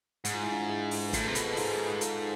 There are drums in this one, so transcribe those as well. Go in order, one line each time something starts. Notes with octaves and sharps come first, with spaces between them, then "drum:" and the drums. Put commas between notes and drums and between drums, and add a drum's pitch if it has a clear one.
G#2 G#4, drum: hi-hat
F4
E4
D4 F4
E4 G#4
drum: open hi-hat
B4
A2 F4 A4, drum: kick, hi-hat
C3 G#4 B4
B2 A4 C5, drum: hi-hat
G#4 B4
G#2 F4 A4, drum: open hi-hat
G#4 B4
G#4 B4
F4 A4, drum: hi-hat